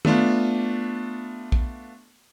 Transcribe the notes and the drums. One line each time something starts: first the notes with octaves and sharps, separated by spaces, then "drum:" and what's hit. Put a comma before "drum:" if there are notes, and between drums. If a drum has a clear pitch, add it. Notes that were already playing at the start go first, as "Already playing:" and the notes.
A3 B3 D4 F4, drum: tom
drum: kick